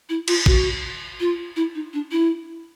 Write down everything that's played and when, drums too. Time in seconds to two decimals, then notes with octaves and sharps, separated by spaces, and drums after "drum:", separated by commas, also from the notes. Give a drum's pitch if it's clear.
0.09 E4
0.28 F4, drum: cymbal
0.46 F#4, drum: kick
1.20 F4
1.56 E4
1.75 D#4
1.94 D4
2.12 E4